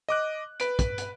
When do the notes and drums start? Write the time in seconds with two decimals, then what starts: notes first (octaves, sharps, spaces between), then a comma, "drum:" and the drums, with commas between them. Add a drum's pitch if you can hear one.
0.09 D#5 D6 F#6
0.60 B4 D7, drum: hi-hat
0.79 drum: kick, hi-hat
0.98 drum: hi-hat